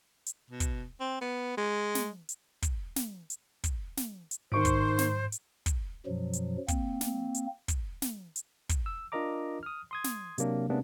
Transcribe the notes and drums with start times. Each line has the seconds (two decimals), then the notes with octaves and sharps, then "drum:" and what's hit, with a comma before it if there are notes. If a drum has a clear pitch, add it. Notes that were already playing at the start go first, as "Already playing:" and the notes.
0.26 drum: hi-hat
0.51 B2
0.60 drum: kick, hi-hat
1.00 C4
1.21 B3
1.58 G#3
1.95 drum: snare
2.29 drum: hi-hat
2.62 drum: kick, hi-hat
2.96 drum: snare
3.30 drum: hi-hat
3.64 drum: kick, hi-hat
3.97 drum: snare
4.31 drum: hi-hat
4.52 G#2 D#3 C5 C#6 D7
4.65 drum: kick, hi-hat
4.98 drum: snare
5.32 drum: hi-hat
5.66 drum: kick, hi-hat
6.06 F#2 B2 F3 F#3
6.33 drum: hi-hat
6.68 A#3 C4, drum: kick, hi-hat
7.01 drum: snare
7.35 drum: hi-hat
7.68 drum: kick, hi-hat
8.02 drum: snare
8.36 drum: hi-hat
8.69 drum: kick, hi-hat
8.86 E6
9.12 D4 F4 A#4 D#5 A#5 D6
9.63 D#6 F6
9.91 C6 D#6 G#6
10.04 drum: snare
10.38 C3 F#3 A#3 D4, drum: hi-hat
10.70 C3 G#3 A#3 B3 C#4 D4